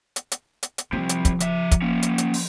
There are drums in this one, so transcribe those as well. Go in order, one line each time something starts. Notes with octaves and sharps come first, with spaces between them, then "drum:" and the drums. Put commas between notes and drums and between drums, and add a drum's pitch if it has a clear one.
drum: hi-hat
drum: hi-hat
drum: hi-hat
drum: hi-hat
C2 C3 F3
drum: hi-hat
drum: kick, hi-hat
C#3 E5, drum: hi-hat
drum: kick, hi-hat
A#3 C#4
drum: hi-hat
drum: hi-hat
drum: open hi-hat